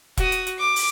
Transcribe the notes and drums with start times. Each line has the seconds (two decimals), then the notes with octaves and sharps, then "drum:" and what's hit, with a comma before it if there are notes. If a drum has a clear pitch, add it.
0.17 F#4 D#6, drum: kick E1, hi-hat
0.32 drum: hi-hat
0.47 drum: hi-hat
0.58 D6
0.76 drum: open hi-hat